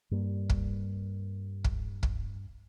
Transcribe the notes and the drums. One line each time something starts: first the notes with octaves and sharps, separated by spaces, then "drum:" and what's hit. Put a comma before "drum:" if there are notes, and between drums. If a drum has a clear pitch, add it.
G2 G3 A#3
drum: kick
drum: kick
drum: kick